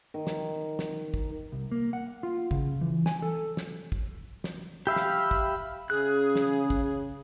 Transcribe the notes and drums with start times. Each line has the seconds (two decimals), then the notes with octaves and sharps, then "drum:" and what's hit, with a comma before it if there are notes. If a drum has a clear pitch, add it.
0.14 D#3
0.27 drum: snare
0.79 drum: snare
1.14 drum: kick
1.52 C2
1.72 A#3
1.93 F#5
2.23 F4
2.51 C#3, drum: kick
2.81 E3
3.06 G#5, drum: snare
3.22 A4
3.57 drum: snare
3.92 drum: kick
4.44 drum: snare
4.87 G4 E5 F5 B5
4.96 drum: snare
5.31 drum: kick
5.90 C#3 G#4 F#6
6.35 drum: snare
6.70 drum: kick